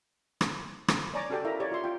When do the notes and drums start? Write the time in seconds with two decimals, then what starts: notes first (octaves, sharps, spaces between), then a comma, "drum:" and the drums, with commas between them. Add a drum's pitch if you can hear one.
0.41 drum: rim click
0.88 drum: rim click
1.14 C#5 D5 G#5 A#5 C#6 D6
1.30 C#4 F#4 G4 A4 D5 G5
1.44 E4 A#4 E5 F5 A#5
1.60 G4 C#5 D5
1.72 F4 E5 C6
1.84 F4 G5